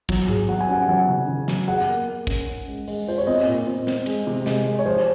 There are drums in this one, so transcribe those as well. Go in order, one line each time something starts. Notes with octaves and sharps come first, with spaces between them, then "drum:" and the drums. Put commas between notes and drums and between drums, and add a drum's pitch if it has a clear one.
F#3, drum: kick
G#4, drum: tom G#2
F#3 F#5
G#5
C#4 F#5
F#3 F#5
C#3
C#3
F#3, drum: snare
G#4 F#5
A#3
A#3
C#4, drum: kick
C#4
G#3
G#3, drum: open hi-hat
F4 C5, drum: open hi-hat
C#5
C4 D#5
A#2
C4
C4, drum: snare
G#3, drum: cymbal
C3
G#3, drum: snare
G#3
C#5
F3 C5